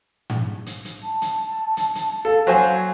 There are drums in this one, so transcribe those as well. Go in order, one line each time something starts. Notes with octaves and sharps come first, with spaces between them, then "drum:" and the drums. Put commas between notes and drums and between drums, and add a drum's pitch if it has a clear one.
drum: tom G#2
drum: hi-hat
drum: hi-hat
A5
drum: hi-hat
drum: hi-hat
drum: hi-hat
A4 F5
F#3 C5 G#5